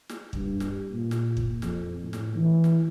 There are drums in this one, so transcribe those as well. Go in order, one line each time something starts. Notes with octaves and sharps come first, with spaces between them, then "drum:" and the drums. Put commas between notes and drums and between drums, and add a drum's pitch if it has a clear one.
drum: snare
G2, drum: kick
drum: snare
A#2
drum: snare
drum: kick
F2, drum: snare
A2
drum: snare
E3
drum: snare